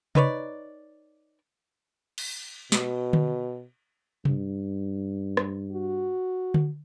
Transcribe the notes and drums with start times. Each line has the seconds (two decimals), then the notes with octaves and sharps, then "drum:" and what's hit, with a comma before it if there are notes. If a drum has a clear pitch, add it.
0.15 D#4 B4 C#5 D5, drum: tom C3
2.18 drum: cymbal
2.72 B2, drum: snare
3.13 drum: tom D3
4.25 G2, drum: tom C3
5.37 drum: rim click
5.73 F#4
6.54 drum: tom D3